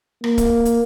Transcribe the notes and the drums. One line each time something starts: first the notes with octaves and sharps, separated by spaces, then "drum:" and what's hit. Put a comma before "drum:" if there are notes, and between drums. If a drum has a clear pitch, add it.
A#3, drum: rim click
drum: kick, hi-hat
drum: hi-hat